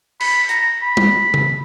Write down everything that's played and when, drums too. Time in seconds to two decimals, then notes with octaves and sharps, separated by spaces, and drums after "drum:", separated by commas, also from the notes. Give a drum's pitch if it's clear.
0.20 B5, drum: cymbal
0.49 A#5, drum: hi-hat
0.82 B5
0.97 drum: tom
1.34 drum: tom C#3